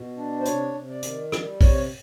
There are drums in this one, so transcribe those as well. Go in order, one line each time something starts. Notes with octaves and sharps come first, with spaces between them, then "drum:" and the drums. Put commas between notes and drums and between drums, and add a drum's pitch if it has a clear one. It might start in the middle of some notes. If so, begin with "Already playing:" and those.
Already playing: B2
D4
C5
C3 C#5, drum: hi-hat
C3
D5
D#3, drum: hi-hat
G3, drum: rim click
C3 C#5, drum: kick, open hi-hat